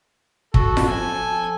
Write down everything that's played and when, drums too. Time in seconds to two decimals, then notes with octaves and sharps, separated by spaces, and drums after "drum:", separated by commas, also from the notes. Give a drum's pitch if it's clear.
0.54 F#4 A4, drum: kick
0.77 drum: snare F4
0.88 F3 G#5